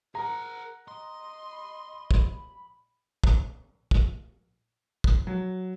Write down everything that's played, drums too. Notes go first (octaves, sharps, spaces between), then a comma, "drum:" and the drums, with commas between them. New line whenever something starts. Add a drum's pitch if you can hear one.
G#4 A#4 F#5 A#5
D#5 C6
B5
drum: kick
drum: kick
drum: kick
drum: kick
F#3